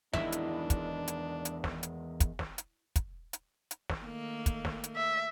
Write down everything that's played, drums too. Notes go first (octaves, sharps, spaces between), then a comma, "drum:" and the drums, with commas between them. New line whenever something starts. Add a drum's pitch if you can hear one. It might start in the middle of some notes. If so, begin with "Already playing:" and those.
E2 D#3 G#3 D4 E4, drum: snare
drum: hi-hat
drum: kick, hi-hat
drum: hi-hat
drum: hi-hat
drum: snare
drum: hi-hat
drum: kick, hi-hat
drum: snare
drum: hi-hat
drum: kick, hi-hat
drum: hi-hat
drum: hi-hat
drum: snare
D#3 A3 A#3
drum: kick, hi-hat
drum: snare
drum: hi-hat
E5